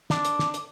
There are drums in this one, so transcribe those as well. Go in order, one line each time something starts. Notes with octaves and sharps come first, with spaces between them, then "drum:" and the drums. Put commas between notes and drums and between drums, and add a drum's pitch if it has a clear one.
D4, drum: snare
drum: hi-hat
drum: snare
drum: hi-hat